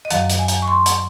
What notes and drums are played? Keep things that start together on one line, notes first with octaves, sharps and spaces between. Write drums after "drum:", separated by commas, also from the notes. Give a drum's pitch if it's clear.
D#5
F#2 D#3 F#3 F5, drum: hi-hat
drum: hi-hat
G#5
drum: hi-hat
C#6
C6
drum: hi-hat